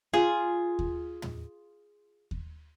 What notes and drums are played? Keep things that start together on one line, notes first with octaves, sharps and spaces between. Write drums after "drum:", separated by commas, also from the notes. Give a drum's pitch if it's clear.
F4 G#4
drum: kick D#2
drum: tom
drum: kick D#2